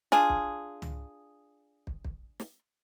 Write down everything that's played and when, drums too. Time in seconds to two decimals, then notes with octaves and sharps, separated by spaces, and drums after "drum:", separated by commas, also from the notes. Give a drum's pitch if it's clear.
0.12 D4 F4 G#4, drum: snare
0.29 drum: kick
0.82 drum: tom
1.87 drum: kick
2.05 drum: kick
2.40 drum: snare